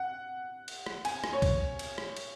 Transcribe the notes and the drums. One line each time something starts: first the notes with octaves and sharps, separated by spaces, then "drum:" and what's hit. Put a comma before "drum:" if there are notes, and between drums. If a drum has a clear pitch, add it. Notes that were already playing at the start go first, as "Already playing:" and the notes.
Already playing: F#5
drum: cymbal
drum: rim click
G#5, drum: cymbal
drum: rim click
C#5
drum: kick B1, cymbal
drum: cymbal
drum: rim click
drum: cymbal